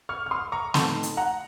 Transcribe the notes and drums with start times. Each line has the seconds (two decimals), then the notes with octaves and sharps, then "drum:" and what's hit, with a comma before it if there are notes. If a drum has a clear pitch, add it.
0.09 C#6 F6
0.26 F6
0.31 C6 D#6
0.52 A#5 C#6
0.74 A2 A3 C4 D#4 A5 C6, drum: snare
1.03 drum: hi-hat
1.17 F#5 A#5